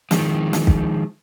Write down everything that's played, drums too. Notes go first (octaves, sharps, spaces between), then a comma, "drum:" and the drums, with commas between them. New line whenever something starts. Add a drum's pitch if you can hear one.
D#3 F3 G#3, drum: snare
drum: snare
drum: kick